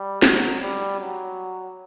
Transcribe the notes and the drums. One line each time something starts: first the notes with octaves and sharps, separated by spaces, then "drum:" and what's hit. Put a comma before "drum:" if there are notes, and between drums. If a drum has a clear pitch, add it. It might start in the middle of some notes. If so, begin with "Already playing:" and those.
Already playing: G3
F#3, drum: snare
G3
F#3